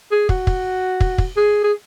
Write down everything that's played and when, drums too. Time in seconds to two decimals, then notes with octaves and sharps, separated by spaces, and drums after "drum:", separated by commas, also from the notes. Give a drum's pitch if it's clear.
0.11 G#4
0.29 F#4, drum: kick
0.47 drum: kick
1.00 drum: kick
1.18 drum: kick
1.36 G#4
1.63 G#4